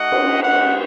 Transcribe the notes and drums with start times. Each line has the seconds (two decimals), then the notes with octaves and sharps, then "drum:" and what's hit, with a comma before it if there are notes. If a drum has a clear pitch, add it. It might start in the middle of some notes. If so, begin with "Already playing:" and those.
Already playing: A3 D#4 F#4 D#5 F#5
0.12 drum: cymbal
0.43 G#3 C4 F#4 D#5 F#5